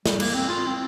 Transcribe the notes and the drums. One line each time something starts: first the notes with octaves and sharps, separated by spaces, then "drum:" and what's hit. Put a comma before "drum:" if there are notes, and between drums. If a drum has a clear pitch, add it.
G3, drum: snare
A#3, drum: cymbal
C4
F4
C4